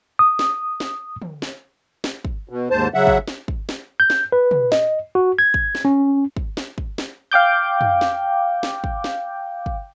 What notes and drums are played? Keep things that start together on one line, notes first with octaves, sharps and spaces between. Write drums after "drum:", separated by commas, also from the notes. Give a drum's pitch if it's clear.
D#6
drum: snare
drum: snare
drum: tom
drum: snare
drum: snare
drum: kick
B2
D#2 G#2 C5 A5
C#3 F#3 E5 F#5
drum: kick
drum: snare
drum: kick
drum: snare
G6
drum: snare
B4
drum: tom
D#5, drum: snare
F#4
G#6
drum: kick
drum: snare
C#4
drum: kick
drum: snare
drum: kick
drum: snare
F5 G5 D6 G6
drum: tom
drum: snare
drum: snare
drum: kick
drum: snare
drum: kick